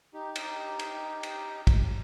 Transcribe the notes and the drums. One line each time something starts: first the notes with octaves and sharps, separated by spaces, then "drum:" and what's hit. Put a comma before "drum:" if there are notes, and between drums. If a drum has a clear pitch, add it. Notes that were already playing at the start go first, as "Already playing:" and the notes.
D#4 G4
drum: cymbal
drum: cymbal
drum: cymbal
drum: kick, cymbal